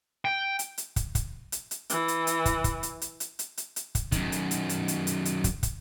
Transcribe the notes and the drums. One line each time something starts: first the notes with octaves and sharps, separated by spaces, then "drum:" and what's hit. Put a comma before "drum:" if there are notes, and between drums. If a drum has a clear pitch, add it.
G5
drum: hi-hat
drum: hi-hat
drum: kick, hi-hat
drum: kick, hi-hat
drum: hi-hat
drum: hi-hat
E3, drum: hi-hat
drum: hi-hat
drum: hi-hat
drum: kick, hi-hat
drum: kick, hi-hat
drum: hi-hat
drum: hi-hat
drum: hi-hat
drum: hi-hat
drum: hi-hat
drum: hi-hat
drum: kick, hi-hat
F#2 D#3, drum: kick, hi-hat
drum: hi-hat
drum: hi-hat
drum: hi-hat
drum: hi-hat
drum: hi-hat
drum: hi-hat
drum: kick, hi-hat
drum: kick, hi-hat